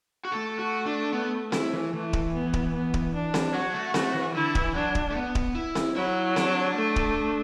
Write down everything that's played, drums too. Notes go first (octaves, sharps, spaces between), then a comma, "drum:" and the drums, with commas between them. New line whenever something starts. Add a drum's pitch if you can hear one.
F#4
A3 A4
F#4
D4
B3
E4, drum: snare C4
E3
E3 A3
drum: kick D1
B3
drum: kick D1
B3
drum: kick D1
D4
drum: snare C4
F#3 F#4
A3
A3, drum: snare C4
E3
D3 E4
E3, drum: kick D1
F#3 D4
drum: kick D1
A3
B3
drum: kick D1
E4
drum: snare C4
F#3 E4
D4, drum: snare C4
A3
drum: kick D1